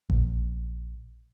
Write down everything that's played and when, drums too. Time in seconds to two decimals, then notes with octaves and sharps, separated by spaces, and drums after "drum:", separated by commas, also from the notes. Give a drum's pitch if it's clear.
0.10 A#1, drum: kick A1